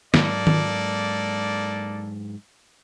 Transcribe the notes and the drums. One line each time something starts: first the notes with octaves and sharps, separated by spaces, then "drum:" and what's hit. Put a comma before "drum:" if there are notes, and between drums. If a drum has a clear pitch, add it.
G#2 F#3 G#3 A#3 A4 D5, drum: snare
drum: tom D#3